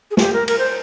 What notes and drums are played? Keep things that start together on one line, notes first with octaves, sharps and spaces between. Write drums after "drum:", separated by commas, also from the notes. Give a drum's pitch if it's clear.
G#4
G4, drum: snare
A#4
A#4, drum: cymbal
C5